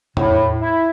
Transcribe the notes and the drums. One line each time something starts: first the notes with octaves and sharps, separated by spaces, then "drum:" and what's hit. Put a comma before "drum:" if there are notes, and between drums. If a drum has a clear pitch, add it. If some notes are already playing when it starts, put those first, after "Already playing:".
A2, drum: tom E2
E4